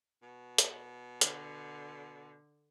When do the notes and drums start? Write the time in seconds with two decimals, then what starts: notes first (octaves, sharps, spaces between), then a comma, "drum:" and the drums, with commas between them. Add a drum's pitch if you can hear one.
0.22 B2
0.58 drum: hi-hat
1.21 D3, drum: hi-hat